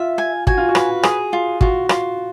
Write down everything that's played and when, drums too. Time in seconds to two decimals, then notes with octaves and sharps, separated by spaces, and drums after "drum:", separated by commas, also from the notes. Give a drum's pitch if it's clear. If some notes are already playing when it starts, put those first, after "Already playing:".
Already playing: F4 E5
0.18 G#5
0.47 F#4 G#5, drum: kick
0.57 F4
0.69 F#4
0.75 B4, drum: rim click
1.03 G#4, drum: rim click
1.33 F4
1.61 F4 F#4, drum: kick
1.89 F4, drum: rim click